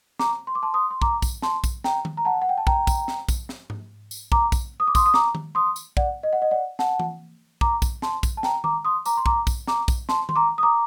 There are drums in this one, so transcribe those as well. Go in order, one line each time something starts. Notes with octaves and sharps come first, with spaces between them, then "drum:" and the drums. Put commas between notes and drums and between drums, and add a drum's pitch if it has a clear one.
A#5 D6, drum: snare
C6
D6
A5 C6
C6 D#6
C6
A#5 D6, drum: kick
drum: kick, tambourine
A5 C6, drum: snare
drum: kick, tambourine
G5 A#5, drum: snare
drum: tom D#3
A#5
F#5 A5
F#5
G5
A5
G5 A#5, drum: kick
drum: kick, tambourine
drum: snare
drum: kick, tambourine
drum: snare
drum: tom G#2
drum: tambourine
A#5 D6, drum: kick
drum: kick, tambourine
D#6
D6
C6 D#6, drum: kick, tambourine
D#6
A#5 D6, drum: snare
drum: tom D#3
C6 D#6
drum: tambourine
D5 F#5, drum: kick
D#5
F#5
D#5
D5 F#5
F#5 A5, drum: snare
drum: tom E3
A#5 D6, drum: kick
drum: kick, tambourine
A5 C6, drum: snare
drum: kick, tambourine
A5
G5 A#5, drum: snare
A#5 D6, drum: tom D#3
C6 D#6
A#5 D6, drum: tambourine
C6
A#5 D6, drum: kick
drum: kick, tambourine
A#5 D6, drum: snare
drum: kick, tambourine
A5 C6, drum: snare
C6, drum: tom D#3
A#5 D6
D#6
A#5 D6